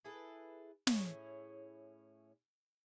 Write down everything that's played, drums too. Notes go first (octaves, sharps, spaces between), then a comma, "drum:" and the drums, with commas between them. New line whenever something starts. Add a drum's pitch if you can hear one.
E4 G#4 A4 B4
A2 C#4 E4 G#4, drum: snare